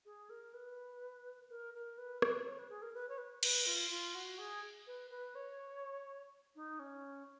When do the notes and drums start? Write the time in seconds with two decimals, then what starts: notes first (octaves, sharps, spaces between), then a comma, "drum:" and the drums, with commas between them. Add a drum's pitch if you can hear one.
0.05 G#4
0.30 A#4
0.54 B4
1.50 A#4
1.74 A#4
1.98 B4
2.22 B4, drum: rim click
2.46 C#5
2.59 B4
2.70 G#4
2.82 A#4
2.94 B4
3.09 C#5
3.18 B4
3.43 B4, drum: cymbal
3.66 F4
3.91 F4
4.15 F#4
4.39 G#4
4.87 B4
5.11 B4
5.35 C#5
6.56 D#4
6.80 C#4